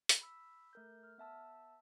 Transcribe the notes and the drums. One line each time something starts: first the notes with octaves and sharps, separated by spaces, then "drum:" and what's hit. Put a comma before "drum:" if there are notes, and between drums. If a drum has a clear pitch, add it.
drum: hi-hat
B5 E6 B6
A3 A#4 G6
F6
B3 E5 A5 E6